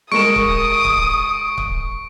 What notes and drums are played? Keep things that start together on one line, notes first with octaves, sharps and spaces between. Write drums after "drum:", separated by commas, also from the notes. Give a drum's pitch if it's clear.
G#3 A#4 C#6 D#6 D7 E7
drum: kick
drum: kick
drum: kick